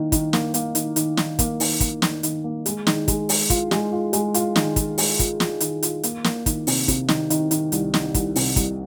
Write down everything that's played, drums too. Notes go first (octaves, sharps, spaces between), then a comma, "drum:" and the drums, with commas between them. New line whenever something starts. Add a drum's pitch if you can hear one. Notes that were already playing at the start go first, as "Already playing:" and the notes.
Already playing: D#3 A#3
D#3, drum: kick, hi-hat
A#3, drum: snare
A#3, drum: hi-hat
D#3, drum: hi-hat
D#3, drum: hi-hat
D#3, drum: snare
A#3, drum: kick, hi-hat
D#3, drum: open hi-hat
A#3, drum: kick, hi-hat
D#3, drum: snare
D#3, drum: hi-hat
A#3
G#3, drum: hi-hat
D#3, drum: snare
G#3, drum: kick, hi-hat
G#3, drum: open hi-hat
F4, drum: kick, hi-hat
G#3, drum: snare
F4
G#3, drum: hi-hat
F4, drum: hi-hat
D#3, drum: snare
G#3, drum: kick, hi-hat
G#3, drum: open hi-hat
F4, drum: kick, hi-hat
F4, drum: snare
D#3, drum: hi-hat
F4, drum: hi-hat
A#3, drum: hi-hat
A#3, drum: snare
D#3, drum: kick, hi-hat
C3, drum: open hi-hat
C3, drum: kick, hi-hat
D#3, drum: snare
D#3, drum: hi-hat
D#3, drum: hi-hat
C2, drum: hi-hat
D#3, drum: snare
C2, drum: kick, hi-hat
C3, drum: open hi-hat
C2, drum: kick, hi-hat